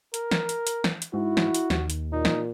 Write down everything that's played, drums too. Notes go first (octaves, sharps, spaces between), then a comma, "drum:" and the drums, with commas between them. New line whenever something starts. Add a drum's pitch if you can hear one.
A#4, drum: hi-hat
drum: snare
drum: hi-hat
drum: hi-hat
drum: snare
drum: hi-hat
G#2 E4 F#4
drum: snare
drum: hi-hat
D#2, drum: snare
drum: hi-hat
A#2 D#4
drum: snare